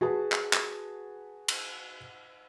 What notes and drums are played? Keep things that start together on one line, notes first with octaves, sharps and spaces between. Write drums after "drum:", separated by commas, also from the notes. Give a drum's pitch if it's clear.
F#4 G#4 B4 A5
drum: clap
drum: clap
drum: cymbal